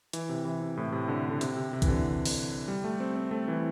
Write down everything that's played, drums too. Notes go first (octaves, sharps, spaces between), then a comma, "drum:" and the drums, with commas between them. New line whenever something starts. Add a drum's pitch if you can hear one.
E3, drum: hi-hat
C3
E3
C3
A2
C3
D3
D3
C3, drum: hi-hat
C3
C3
E3, drum: kick, hi-hat
D3
drum: open hi-hat
G3
A3
C4
C4
A3
E3